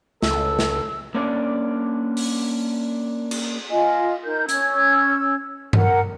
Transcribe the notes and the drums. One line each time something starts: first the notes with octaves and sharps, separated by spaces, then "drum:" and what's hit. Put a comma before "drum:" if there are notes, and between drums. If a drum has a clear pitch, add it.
C#2 A4 E6, drum: snare
drum: snare
A#3 C#4 D4 D5
drum: open hi-hat
drum: cymbal
F4 D#5 G#5
D#4 A#4 G6
C#4 E6 G#6, drum: hi-hat
A#4 F#5, drum: tom G2